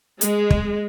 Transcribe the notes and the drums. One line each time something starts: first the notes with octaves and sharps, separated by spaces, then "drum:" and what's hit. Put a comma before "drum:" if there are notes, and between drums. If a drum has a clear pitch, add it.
G#3, drum: hi-hat
drum: kick